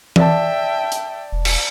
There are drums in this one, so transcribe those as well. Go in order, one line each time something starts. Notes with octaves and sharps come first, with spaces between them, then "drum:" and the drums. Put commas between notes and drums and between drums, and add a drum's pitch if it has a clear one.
D5 E5 G5 A5, drum: tom E3
drum: hi-hat
E1
drum: cymbal